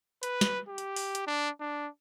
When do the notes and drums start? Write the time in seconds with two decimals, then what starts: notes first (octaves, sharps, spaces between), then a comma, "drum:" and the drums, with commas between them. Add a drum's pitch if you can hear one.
0.23 B4, drum: hi-hat
0.41 drum: snare
0.68 G4
0.78 drum: hi-hat
0.96 drum: open hi-hat
1.15 drum: hi-hat
1.27 D4
1.60 D4